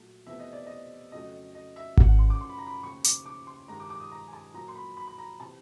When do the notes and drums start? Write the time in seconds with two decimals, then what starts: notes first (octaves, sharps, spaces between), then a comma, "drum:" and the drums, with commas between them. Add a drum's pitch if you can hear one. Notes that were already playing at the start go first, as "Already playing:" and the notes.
Already playing: A#2 F#3 A3
0.26 E2 C3 F3 A3 E5
0.39 D#5
0.53 D5
0.67 D#5
1.12 F2 C#3 F#3 A3 D#5
1.55 D#5
1.76 E5
1.97 F#2 C#3 F3 A3 F#5, drum: kick G#1
2.08 F#5
2.19 C6
2.30 D6
2.41 C6
2.49 B5
2.58 A#5
2.67 B5
2.83 D#2 C#3 F3 A3 C#6
3.04 D6, drum: hi-hat
3.26 D6
3.47 C6
3.68 G2 D#3 G#3 A#5
3.80 D6
3.90 D6
4.00 D#6
4.12 A#5
4.27 G#5
4.33 A5
4.54 A#2 F#3 A#3 A#5
4.68 C6
4.75 B5
4.97 B5
5.07 B5
5.18 A#5
5.40 C3 E3 A5